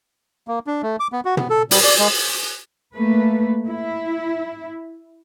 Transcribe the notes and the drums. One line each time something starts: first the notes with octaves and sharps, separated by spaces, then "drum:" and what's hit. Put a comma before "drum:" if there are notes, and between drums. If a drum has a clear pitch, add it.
A#3
D4
A3
D6
B3
F#4
B3, drum: tom
A4
G3, drum: open hi-hat
D5
G#3
A3 A#3 B4
E4